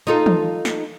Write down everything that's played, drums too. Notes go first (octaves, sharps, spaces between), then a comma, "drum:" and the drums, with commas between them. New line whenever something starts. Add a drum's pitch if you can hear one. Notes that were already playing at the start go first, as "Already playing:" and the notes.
D#4 F4 A4
drum: tom
drum: snare